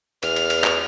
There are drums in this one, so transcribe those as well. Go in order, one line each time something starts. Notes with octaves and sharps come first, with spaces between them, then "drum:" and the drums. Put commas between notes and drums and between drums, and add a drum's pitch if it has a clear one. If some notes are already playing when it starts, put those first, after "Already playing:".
E2 F6, drum: cymbal
drum: cymbal
drum: cymbal
drum: clap